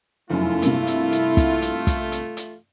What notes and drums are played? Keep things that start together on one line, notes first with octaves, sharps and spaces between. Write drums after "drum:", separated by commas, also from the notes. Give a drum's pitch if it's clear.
F1 F#2 A3 E4 F4
G2 C3 A#3, drum: hi-hat
drum: hi-hat
drum: hi-hat
drum: kick, hi-hat
drum: hi-hat
drum: kick, hi-hat
drum: hi-hat
drum: hi-hat